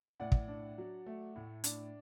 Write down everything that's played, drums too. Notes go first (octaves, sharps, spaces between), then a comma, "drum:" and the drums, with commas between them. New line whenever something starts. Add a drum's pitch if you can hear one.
A2 D5 F#5
drum: kick
D4
F#3
A3
A2
D4, drum: hi-hat